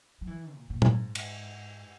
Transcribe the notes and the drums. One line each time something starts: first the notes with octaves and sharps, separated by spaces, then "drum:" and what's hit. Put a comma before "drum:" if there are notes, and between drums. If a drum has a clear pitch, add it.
F#3
E3
A#2
A#2
G#2, drum: tom
drum: cymbal